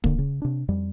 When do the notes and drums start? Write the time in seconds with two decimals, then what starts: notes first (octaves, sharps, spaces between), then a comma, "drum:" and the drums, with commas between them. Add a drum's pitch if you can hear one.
0.04 D3 A#3, drum: kick
0.18 C#3
0.42 C3 D4
0.68 F2 G3